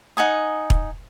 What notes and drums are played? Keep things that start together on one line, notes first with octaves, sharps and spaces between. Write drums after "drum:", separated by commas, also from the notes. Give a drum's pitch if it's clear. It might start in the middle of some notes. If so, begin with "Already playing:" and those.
D#4 F#5 G#5 D#6
drum: kick